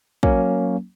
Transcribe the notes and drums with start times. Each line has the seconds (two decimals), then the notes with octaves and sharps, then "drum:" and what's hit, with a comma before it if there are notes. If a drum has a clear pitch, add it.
0.23 F#3 A#3 C#4, drum: kick